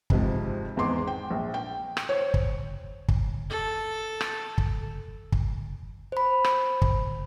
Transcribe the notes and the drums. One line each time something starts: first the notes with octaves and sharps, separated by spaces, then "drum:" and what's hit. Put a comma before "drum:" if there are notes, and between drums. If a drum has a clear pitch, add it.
F2 G#2 C3 F3, drum: kick
G#1 E2 G#2 C6 D6
G5
A#1
G5
drum: rim click
C5 C#5
drum: kick
drum: kick
A4
drum: rim click
drum: kick
drum: kick
C5 B5
drum: rim click
drum: kick